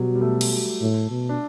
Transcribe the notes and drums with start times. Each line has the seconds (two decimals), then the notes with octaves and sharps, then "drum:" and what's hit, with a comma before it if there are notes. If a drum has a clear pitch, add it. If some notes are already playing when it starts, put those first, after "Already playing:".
Already playing: B2 F#3 G3
0.15 G3
0.21 A3
0.41 drum: cymbal
0.81 A2
1.10 B2
1.29 D4